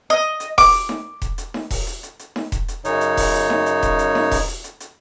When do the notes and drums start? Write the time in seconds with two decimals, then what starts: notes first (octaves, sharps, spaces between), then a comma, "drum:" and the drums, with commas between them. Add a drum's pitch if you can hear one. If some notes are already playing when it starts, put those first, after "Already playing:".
0.10 D#5
0.40 drum: hi-hat
0.58 D6, drum: kick E1, open hi-hat
0.73 drum: hi-hat
0.89 drum: snare D#4
1.22 drum: kick E1, hi-hat
1.38 drum: hi-hat
1.54 drum: snare D#4
1.70 drum: kick E1, open hi-hat
1.87 drum: hi-hat
2.03 drum: hi-hat
2.19 drum: hi-hat
2.36 drum: snare D#4
2.52 drum: kick E1, hi-hat
2.68 drum: hi-hat
2.85 F#2 C#3 D#4 C#5, drum: hi-hat
3.01 drum: hi-hat
3.17 drum: kick E1, open hi-hat
3.34 drum: hi-hat
3.50 drum: snare D#4
3.66 drum: hi-hat
3.83 drum: kick E1, hi-hat
3.99 drum: hi-hat
4.15 drum: snare D#4
4.31 drum: kick E1, open hi-hat
4.48 drum: hi-hat
4.64 drum: hi-hat
4.80 drum: hi-hat